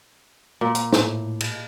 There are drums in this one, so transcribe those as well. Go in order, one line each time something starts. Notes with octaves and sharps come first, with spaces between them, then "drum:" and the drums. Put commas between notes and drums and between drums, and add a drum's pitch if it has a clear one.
A#2
drum: hi-hat
A2, drum: snare
drum: cymbal